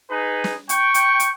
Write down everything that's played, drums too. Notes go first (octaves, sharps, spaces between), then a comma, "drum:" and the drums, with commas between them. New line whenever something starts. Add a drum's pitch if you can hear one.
D#4 G#4 B4
drum: snare
G5 C#6, drum: hi-hat
drum: hi-hat
drum: hi-hat